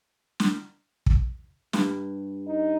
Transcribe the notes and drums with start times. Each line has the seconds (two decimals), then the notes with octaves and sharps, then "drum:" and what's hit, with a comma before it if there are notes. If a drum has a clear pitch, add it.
0.40 drum: snare
1.06 drum: kick
1.73 G2, drum: snare
2.47 D#4